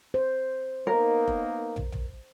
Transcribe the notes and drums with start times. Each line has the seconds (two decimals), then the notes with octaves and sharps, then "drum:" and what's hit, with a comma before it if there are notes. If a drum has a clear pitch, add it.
0.14 C5
0.87 A#3 B3 D#4 A#4
1.28 drum: kick F1
1.76 drum: tom
1.92 drum: tom